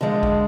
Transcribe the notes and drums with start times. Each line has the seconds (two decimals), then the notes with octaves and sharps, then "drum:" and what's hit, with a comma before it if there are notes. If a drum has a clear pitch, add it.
0.01 D3 F3 G#3
0.23 drum: kick